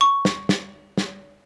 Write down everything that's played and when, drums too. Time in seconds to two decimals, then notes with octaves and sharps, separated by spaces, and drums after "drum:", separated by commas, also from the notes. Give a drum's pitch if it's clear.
0.01 C#6
0.25 drum: snare
0.49 drum: snare
0.98 drum: snare